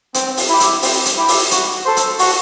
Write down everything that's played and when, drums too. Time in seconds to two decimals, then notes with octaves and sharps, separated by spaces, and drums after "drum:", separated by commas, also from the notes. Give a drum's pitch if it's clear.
0.14 C4, drum: hi-hat
0.37 drum: open hi-hat
0.49 E4 G4
0.60 drum: hi-hat
0.82 C4, drum: open hi-hat
1.06 drum: hi-hat
1.17 E4 G4
1.28 drum: open hi-hat
1.51 F#4, drum: hi-hat
1.85 A4 C5
1.97 drum: hi-hat
2.19 F#4, drum: open hi-hat